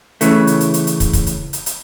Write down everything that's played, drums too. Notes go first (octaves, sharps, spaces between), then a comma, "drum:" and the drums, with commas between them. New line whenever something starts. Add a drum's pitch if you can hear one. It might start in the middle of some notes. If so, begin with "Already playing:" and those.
C#3 E3 A3, drum: hi-hat
drum: hi-hat
drum: hi-hat
drum: hi-hat
drum: hi-hat
drum: kick, hi-hat
drum: kick, hi-hat
drum: hi-hat
drum: hi-hat
drum: hi-hat